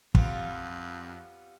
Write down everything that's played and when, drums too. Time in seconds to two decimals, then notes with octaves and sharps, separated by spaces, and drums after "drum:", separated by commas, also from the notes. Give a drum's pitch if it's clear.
0.15 F2 G3 B3 F4, drum: kick